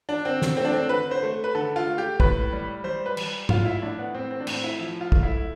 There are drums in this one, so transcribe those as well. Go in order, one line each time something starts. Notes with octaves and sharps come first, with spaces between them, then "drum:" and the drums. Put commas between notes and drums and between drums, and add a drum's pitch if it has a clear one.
D4
D3 C4
drum: snare
A3 C4
D4
C4
D3 B4
C5
A3
B4
D3 A4
F4
A3
G4
A2 B4, drum: kick
G3
G3 C5
B4
G3, drum: cymbal
A2 F4, drum: tom
E4
A2 D4
B3
A2 C4
C4
D4
A2 C4, drum: cymbal
E4
F3
F4
A3, drum: kick
E4